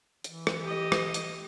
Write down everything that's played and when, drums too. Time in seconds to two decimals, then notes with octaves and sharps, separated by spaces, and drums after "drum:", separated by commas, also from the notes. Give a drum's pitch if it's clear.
0.24 E3, drum: hi-hat
0.47 drum: rim click
0.63 G4 D#5
0.92 drum: rim click
1.14 drum: hi-hat